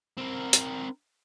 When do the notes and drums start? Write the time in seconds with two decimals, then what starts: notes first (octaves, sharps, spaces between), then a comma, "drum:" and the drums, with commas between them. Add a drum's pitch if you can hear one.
0.18 C4 A#4
0.53 drum: hi-hat